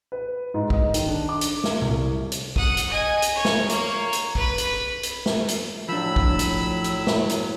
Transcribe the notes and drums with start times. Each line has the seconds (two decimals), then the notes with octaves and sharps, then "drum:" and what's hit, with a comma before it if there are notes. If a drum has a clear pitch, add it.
0.12 B4
0.54 G#2
0.70 D#5, drum: kick
0.94 D#3, drum: hi-hat
1.08 D4
1.29 D6
1.41 drum: hi-hat
1.64 drum: snare
1.81 C2
2.32 drum: hi-hat
2.56 F#5 D#6, drum: kick
2.77 drum: hi-hat
2.90 D#5 G#5
3.22 drum: hi-hat
3.35 C#5
3.45 drum: snare
3.69 A#3 C#5, drum: hi-hat
4.13 drum: hi-hat
4.35 B4 B5, drum: kick
4.58 drum: hi-hat
5.03 drum: hi-hat
5.26 drum: snare
5.48 drum: hi-hat
5.89 A2 F3 F#3 D4 B5 E6
6.16 drum: kick
6.39 drum: hi-hat
6.84 drum: hi-hat
7.07 drum: snare
7.29 drum: hi-hat